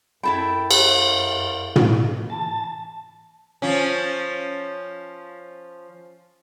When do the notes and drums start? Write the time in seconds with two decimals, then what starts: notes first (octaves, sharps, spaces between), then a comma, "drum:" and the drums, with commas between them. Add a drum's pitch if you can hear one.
0.23 F#2 E4 A4 G5 B5
0.71 drum: cymbal
1.76 drum: tom
2.30 E3 A5 A6
3.62 F3 C#4